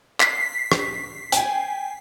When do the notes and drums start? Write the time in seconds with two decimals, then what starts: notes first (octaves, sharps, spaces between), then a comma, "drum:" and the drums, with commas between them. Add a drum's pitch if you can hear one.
0.20 B6 C7, drum: clap
0.72 drum: rim click
1.32 G5 G#5, drum: hi-hat